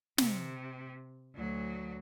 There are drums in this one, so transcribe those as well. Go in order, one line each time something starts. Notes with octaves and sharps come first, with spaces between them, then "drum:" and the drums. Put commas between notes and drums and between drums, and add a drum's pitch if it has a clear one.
C3, drum: snare
D2 F#3